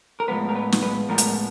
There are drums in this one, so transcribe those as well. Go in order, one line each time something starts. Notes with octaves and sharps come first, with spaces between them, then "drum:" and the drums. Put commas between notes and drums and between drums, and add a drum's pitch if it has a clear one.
A#4
A2 F3 G#3 B3 B4
A#4
B4
drum: snare
B4
A2 F3 G#3 B3 A#4
drum: hi-hat